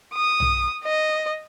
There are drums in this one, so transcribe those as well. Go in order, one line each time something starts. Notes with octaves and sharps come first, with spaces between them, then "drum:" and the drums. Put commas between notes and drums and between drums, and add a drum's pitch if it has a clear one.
D#6
drum: tom B1
D#5